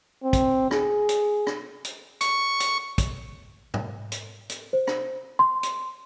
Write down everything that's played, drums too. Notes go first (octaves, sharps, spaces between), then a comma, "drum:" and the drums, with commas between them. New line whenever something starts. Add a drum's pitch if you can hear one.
C4
drum: kick, hi-hat
G#4, drum: rim click
drum: hi-hat
drum: rim click
drum: hi-hat
C#6, drum: hi-hat
drum: hi-hat
drum: kick, hi-hat
drum: tom G#2
drum: hi-hat
drum: hi-hat
C5
drum: rim click
C6
drum: hi-hat